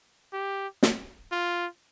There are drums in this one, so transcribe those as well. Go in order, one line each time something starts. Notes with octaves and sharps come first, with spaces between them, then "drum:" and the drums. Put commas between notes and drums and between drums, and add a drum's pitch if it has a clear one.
G4
drum: snare
F4